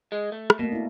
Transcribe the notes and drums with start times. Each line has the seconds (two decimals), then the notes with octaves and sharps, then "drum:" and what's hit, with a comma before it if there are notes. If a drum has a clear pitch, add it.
0.12 G#3
0.32 A3
0.50 drum: rim click
0.59 B2 A3 A#3
0.72 D4 E4